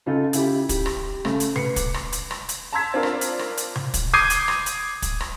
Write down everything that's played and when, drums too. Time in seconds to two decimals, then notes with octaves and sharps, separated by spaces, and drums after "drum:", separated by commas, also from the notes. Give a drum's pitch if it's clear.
0.06 C#3 D#4 F4 A4
0.33 C#3 E4 G4, drum: hi-hat
0.69 G4, drum: kick, hi-hat
0.86 drum: rim click
1.25 C#3 A3, drum: rim click
1.40 drum: hi-hat
1.55 B4 C7 C#7, drum: tom C3
1.76 D6, drum: kick, hi-hat
1.94 drum: rim click
2.12 drum: hi-hat
2.31 drum: rim click
2.49 drum: hi-hat
2.72 A5 A#5 C6 E6 G#6 B6
2.94 C4 D4 F4 A#4
3.03 drum: rim click
3.21 drum: hi-hat
3.39 drum: rim click
3.57 drum: hi-hat
3.76 drum: tom C3
3.94 drum: kick, hi-hat
4.14 D6 D#6 G6 G#6 C7 D#7, drum: rim click
4.30 drum: hi-hat
4.48 drum: rim click
4.66 drum: hi-hat
5.02 drum: kick, hi-hat
5.20 drum: rim click